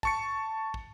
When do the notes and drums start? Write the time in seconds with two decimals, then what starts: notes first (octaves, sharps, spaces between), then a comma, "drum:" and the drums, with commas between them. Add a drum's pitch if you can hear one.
0.03 A5 C#6 C#7, drum: kick
0.74 drum: kick